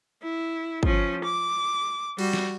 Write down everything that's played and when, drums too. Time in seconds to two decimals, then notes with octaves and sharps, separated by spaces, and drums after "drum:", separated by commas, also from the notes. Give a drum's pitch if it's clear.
0.23 E4
0.83 F3 C#4, drum: kick
1.24 D6
2.19 G3 F#4, drum: cymbal
2.33 drum: snare